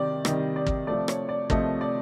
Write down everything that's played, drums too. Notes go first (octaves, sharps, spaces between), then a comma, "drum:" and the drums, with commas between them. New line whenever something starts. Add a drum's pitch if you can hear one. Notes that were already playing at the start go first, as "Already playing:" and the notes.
Already playing: C3 D#3 G3 D5
C3 D#3 G3 D#5, drum: rim click
D5
drum: kick
C3 F3 A3 D5
C#5, drum: rim click
D5
C3 F3 A3 D#5, drum: kick
D5